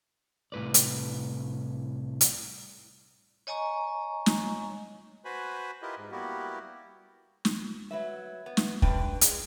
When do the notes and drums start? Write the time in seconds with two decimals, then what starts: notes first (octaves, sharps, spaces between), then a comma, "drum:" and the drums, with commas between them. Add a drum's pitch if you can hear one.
0.52 C2 A2 B4 D5
0.74 drum: hi-hat
2.21 drum: hi-hat
3.47 C#5 D#5 G#5 A#5 C#6
4.26 drum: snare
5.25 F#4 B4 C5 G#5 B5
5.82 E4 F4 G4 A#4 B4 D#5
5.98 G#2
6.12 G3 A#3 B3 E4 F#4 G4
7.45 drum: snare
7.91 F#3 B4 E5
8.46 B3
8.57 drum: snare
8.82 F#2 G3 D4 B4 G5, drum: kick
9.21 G#3, drum: hi-hat